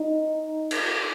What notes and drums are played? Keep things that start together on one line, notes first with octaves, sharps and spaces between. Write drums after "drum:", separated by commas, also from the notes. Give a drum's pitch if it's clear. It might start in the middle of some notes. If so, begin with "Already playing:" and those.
Already playing: D#4
drum: cymbal